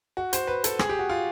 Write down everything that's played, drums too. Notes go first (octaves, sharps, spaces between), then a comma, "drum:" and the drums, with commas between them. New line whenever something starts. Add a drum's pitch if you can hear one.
F#4
C5, drum: hi-hat
B4
A4, drum: hi-hat
G#4, drum: rim click
G4
F#4
F4